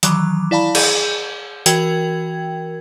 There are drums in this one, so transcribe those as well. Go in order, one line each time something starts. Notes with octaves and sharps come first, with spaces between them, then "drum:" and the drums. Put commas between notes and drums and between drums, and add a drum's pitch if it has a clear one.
D#3 E3 F#3 A#5 D6, drum: hi-hat
E4 D5 F5 A5 B5
G#4 G6, drum: cymbal
E3 F#4 A#4 G5 G#6, drum: hi-hat